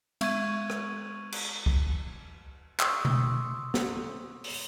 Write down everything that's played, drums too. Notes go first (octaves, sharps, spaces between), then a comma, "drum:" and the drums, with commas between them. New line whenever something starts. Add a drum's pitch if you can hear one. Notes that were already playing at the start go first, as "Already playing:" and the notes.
G#3 C#6 G#6 D#7, drum: cymbal
drum: rim click
drum: cymbal
drum: kick
C6 C#6 D#6 E6, drum: clap
drum: tom B2
drum: snare
drum: open hi-hat